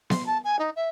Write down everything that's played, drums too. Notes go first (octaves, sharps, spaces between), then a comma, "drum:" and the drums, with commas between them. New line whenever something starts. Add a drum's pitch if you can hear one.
C6, drum: snare B3
A5
G#5
D#4
E5